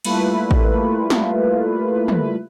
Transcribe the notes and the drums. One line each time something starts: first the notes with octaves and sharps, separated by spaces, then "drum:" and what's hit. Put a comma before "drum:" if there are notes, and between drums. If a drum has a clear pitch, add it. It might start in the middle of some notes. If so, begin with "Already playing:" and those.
G3 A3 A#3 E4 F4 B4, drum: cymbal
drum: kick A1
drum: snare
drum: tom